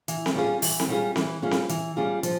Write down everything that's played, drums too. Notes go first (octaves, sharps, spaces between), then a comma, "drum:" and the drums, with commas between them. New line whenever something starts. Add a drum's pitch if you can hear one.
E3, drum: hi-hat
drum: snare C4
G3 C#4 F4 G#4
E3, drum: open hi-hat
drum: snare C4
G3 C#4 F4 G#4
E3, drum: snare C4
G3 C#4 F4 G#4
drum: snare C4
E3, drum: hi-hat
G3 C#4 F4 G#4
F3, drum: hi-hat